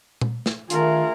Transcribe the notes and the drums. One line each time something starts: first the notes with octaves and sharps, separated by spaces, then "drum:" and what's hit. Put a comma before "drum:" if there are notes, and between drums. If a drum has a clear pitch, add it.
drum: tom A#2
drum: snare
D3 D#3 A3 F4 G#4 A#4, drum: hi-hat